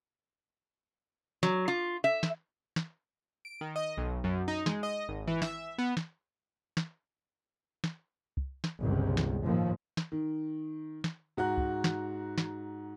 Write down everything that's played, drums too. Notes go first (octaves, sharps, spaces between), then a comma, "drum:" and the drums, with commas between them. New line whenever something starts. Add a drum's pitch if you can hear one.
F#3, drum: snare
F4
E5
drum: snare
drum: snare
D7
D#3
D#5
B1
F#2
D#4
G#3, drum: snare
D#5
G#1
E3
E5, drum: snare
B3
drum: snare
drum: snare
drum: snare
drum: kick
drum: snare
G1 C#2 C3
drum: snare
D#2 A2 F3
drum: snare
D#3
drum: snare
G#2 F#4 A#5 F#6
drum: kick
drum: snare
drum: snare